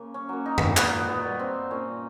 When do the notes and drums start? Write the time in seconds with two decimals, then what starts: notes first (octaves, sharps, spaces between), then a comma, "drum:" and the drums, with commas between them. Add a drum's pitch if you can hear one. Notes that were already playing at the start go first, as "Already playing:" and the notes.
Already playing: C#3 A#3
0.14 C#4
0.29 F#3 A#3
0.46 D#4
0.58 drum: tom F#2
0.77 A#2 B3, drum: clap
1.09 B3
1.24 G3 A#3
1.39 C4
1.71 A#2 C#4